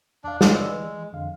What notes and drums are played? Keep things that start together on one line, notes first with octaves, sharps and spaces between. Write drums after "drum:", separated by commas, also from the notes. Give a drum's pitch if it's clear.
E2 D4 D5 F5
G#3 C#5 F5 F#5, drum: snare
B4 D5 E6
E3
F2 D3 F5